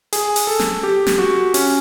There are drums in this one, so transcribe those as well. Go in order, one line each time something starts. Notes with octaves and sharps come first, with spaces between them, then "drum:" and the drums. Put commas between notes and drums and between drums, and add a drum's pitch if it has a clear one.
G#4, drum: hi-hat
drum: open hi-hat
A4
drum: snare
G4
drum: snare
F#4
C#4, drum: open hi-hat